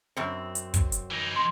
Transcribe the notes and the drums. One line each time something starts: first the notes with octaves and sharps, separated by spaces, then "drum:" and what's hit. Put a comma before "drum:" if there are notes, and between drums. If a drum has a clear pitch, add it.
F#2 C4
drum: hi-hat
drum: kick, hi-hat
drum: hi-hat
E3 D#4
C6